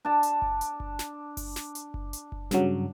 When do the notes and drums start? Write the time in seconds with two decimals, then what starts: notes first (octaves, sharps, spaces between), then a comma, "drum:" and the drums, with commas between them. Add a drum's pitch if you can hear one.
0.05 D4 A5
0.23 drum: hi-hat
0.42 drum: kick F#1
0.61 drum: hi-hat
0.80 drum: kick F#1
0.99 drum: snare
1.37 drum: kick F#1, open hi-hat
1.56 drum: snare
1.75 drum: hi-hat
1.94 drum: kick F#1
2.13 drum: hi-hat
2.32 drum: kick F#1
2.51 G2 C#3 F#3, drum: snare